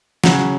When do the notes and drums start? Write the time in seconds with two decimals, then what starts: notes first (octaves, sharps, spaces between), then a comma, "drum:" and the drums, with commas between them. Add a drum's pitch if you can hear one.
0.24 C#3 F#3 C#4 F#4, drum: snare